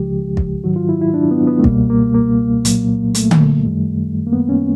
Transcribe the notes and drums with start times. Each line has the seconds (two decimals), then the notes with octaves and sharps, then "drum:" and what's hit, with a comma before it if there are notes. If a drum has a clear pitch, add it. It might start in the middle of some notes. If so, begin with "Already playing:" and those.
Already playing: C#2 C#3 F3 G#3 G4
0.37 drum: kick
0.63 G#2 D#3 F#3 F#4
0.76 F4
0.89 E4
1.01 E4
1.14 D4
1.31 B3
1.47 B3
1.59 A3
1.64 C#2 B2 G3 A#3, drum: kick
1.90 A#3
2.14 A#3
2.65 C2 A#2 F#3, drum: hi-hat
3.15 A3, drum: hi-hat
3.31 drum: tom D3
3.65 F#2 D#3 G3
4.27 A#3
4.33 B3
4.49 C#4